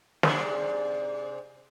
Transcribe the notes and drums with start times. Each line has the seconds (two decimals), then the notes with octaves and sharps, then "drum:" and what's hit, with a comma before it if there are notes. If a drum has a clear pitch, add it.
0.23 G#2 C3 D4, drum: snare